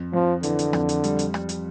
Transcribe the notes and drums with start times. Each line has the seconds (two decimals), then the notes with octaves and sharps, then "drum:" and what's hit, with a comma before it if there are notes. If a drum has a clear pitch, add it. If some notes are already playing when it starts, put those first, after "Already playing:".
Already playing: F2
0.13 F2 F3
0.43 D3 E3, drum: hi-hat
0.59 drum: hi-hat
0.73 F2, drum: rim click
0.89 drum: hi-hat
1.04 G3, drum: hi-hat
1.19 drum: hi-hat
1.34 G3, drum: rim click
1.49 drum: hi-hat